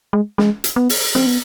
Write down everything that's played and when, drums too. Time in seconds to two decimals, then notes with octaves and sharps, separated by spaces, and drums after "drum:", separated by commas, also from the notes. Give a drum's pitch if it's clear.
0.13 G#3
0.38 G#3, drum: snare
0.64 drum: hi-hat
0.76 B3
0.89 drum: open hi-hat
1.15 C4, drum: snare
1.26 B3